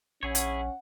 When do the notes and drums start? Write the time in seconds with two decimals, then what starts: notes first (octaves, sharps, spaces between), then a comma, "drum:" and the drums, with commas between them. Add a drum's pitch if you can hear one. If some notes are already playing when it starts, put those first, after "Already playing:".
0.23 A#1 C#4 E4 G#4 C#5 F#5
0.35 drum: hi-hat